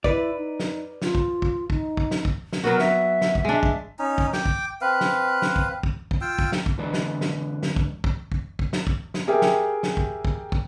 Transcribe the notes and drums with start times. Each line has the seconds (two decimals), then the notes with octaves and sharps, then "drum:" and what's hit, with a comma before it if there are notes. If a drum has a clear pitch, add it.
0.04 E4 B4 D5, drum: kick
0.37 D#4
0.60 drum: snare
1.02 F4, drum: snare
1.15 drum: kick
1.42 drum: kick
1.70 D#4, drum: kick
1.97 drum: kick
2.11 drum: snare
2.25 drum: kick
2.53 drum: snare
2.64 F#3 B3 F#4 A#4
2.79 E5, drum: snare
3.21 drum: snare
3.35 drum: kick
3.45 G#3 D4
3.63 drum: kick
3.99 C#4 D#4
4.18 drum: kick
4.33 G5 D6, drum: snare
4.46 drum: kick
4.81 C4 B4 F5
5.01 drum: snare
5.42 drum: snare
5.56 drum: kick
5.83 drum: kick
6.11 drum: kick
6.21 F4 F5 G5 E6
6.39 drum: kick
6.52 drum: snare
6.66 drum: kick
6.78 D3 E3 G#3 B4 D5
6.94 drum: snare
7.21 drum: snare
7.63 drum: snare
7.76 drum: kick
8.04 drum: kick
8.32 drum: kick
8.59 drum: kick
8.73 drum: snare
8.87 drum: kick
9.14 drum: snare
9.27 G4 G#4 A#4 E5 G5
9.42 drum: snare
9.83 drum: snare
9.97 drum: kick
10.25 drum: kick
10.52 drum: kick